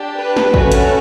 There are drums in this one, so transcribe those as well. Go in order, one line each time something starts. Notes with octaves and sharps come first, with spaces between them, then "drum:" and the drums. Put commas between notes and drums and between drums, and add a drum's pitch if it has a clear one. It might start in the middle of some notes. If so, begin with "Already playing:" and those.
Already playing: D4 G4
B4
drum: snare
A3 C#4 F#4, drum: kick
drum: hi-hat